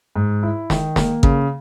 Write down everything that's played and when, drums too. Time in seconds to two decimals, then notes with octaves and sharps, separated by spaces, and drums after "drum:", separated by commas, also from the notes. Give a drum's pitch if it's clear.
0.16 G#2
0.43 E4
0.70 D#3, drum: snare
0.96 A#3, drum: snare
1.23 C#3, drum: kick G#1